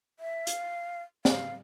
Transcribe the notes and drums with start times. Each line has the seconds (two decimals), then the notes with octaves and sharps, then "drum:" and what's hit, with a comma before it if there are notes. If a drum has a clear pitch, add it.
0.20 E5
0.47 F5, drum: hi-hat
1.25 F5, drum: snare